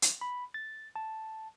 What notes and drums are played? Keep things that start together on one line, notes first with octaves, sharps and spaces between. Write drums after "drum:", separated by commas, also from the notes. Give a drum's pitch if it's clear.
drum: hi-hat
B5
A6
A5